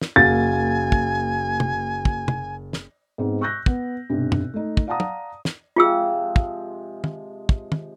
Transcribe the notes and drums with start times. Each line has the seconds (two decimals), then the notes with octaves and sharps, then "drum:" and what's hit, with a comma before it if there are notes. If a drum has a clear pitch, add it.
0.01 drum: snare
0.16 F#1 A#3 F#4 F5 G#5 A6
0.92 drum: kick
1.60 drum: tom
2.05 drum: kick
2.28 drum: tom
2.73 drum: snare
3.18 G#2 G#3 B3 C4
3.41 C#6 E6 F#6 G6 A#6
3.66 B3, drum: kick
4.10 B1 G2 C3
4.32 drum: tom
4.54 A3 D#4
4.77 drum: kick
4.87 D5 F5 F#5 A5 A#5 D#6
5.00 drum: tom
5.45 drum: snare
5.76 C3 F3 G#3 F4 G#4 E6
6.36 drum: kick
7.04 drum: tom
7.49 drum: kick
7.72 drum: tom